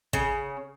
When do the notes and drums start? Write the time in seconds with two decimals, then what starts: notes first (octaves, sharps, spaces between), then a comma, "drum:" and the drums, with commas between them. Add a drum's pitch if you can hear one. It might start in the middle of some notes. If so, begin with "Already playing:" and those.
0.13 C#3, drum: kick